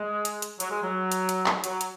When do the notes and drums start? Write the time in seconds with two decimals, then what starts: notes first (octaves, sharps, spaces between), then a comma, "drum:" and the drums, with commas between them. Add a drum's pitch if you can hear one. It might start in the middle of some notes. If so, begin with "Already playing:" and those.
Already playing: G#3
0.25 drum: hi-hat
0.42 drum: hi-hat
0.60 F#3, drum: hi-hat
0.70 G#3
0.82 F#3
1.12 drum: hi-hat
1.29 drum: hi-hat
1.46 drum: clap
1.64 F#3, drum: hi-hat
1.81 drum: hi-hat